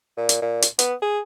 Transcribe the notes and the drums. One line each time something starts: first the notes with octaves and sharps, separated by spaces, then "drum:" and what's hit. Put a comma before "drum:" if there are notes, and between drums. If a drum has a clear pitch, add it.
A#2
drum: hi-hat
A#2
drum: hi-hat
B3, drum: hi-hat
G#4